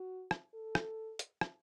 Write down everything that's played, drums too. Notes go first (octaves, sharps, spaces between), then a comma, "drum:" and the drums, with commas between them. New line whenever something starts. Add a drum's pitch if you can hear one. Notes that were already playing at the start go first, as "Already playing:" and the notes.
Already playing: F#4
drum: rim click
A4
drum: rim click
drum: hi-hat
drum: rim click